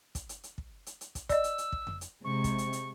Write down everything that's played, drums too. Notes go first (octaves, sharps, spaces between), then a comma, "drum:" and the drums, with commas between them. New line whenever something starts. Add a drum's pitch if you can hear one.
drum: kick, hi-hat
drum: hi-hat
drum: hi-hat
drum: kick
drum: hi-hat
drum: hi-hat
drum: kick, hi-hat
D5 D#5 E6, drum: kick, hi-hat
drum: hi-hat
drum: hi-hat
drum: kick
drum: tom F2
drum: hi-hat
C3 G#3 C#6
drum: kick, hi-hat
drum: hi-hat
drum: hi-hat